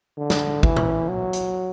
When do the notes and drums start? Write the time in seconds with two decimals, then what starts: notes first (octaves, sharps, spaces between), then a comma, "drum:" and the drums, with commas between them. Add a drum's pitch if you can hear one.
0.17 D3
0.30 drum: snare
0.63 E3, drum: kick
0.76 drum: tom A#2
1.09 F#3
1.33 drum: hi-hat